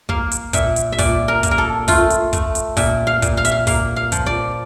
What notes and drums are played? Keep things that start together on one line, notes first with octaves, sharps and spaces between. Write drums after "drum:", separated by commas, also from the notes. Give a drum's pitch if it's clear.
A#3 F5, drum: kick
drum: hi-hat
A#2 E5, drum: kick, hi-hat
drum: hi-hat
E5
A#2 D5, drum: kick, open hi-hat
A#4
A#3, drum: kick, hi-hat
A#4
A4
A3 F4, drum: kick, open hi-hat
drum: hi-hat
A3, drum: kick, hi-hat
drum: hi-hat
A#2 E5, drum: kick, open hi-hat
F5
A#2, drum: kick, hi-hat
F5
E5, drum: hi-hat
F5
A#3 F5, drum: kick, open hi-hat
F5
F3, drum: kick, hi-hat
D5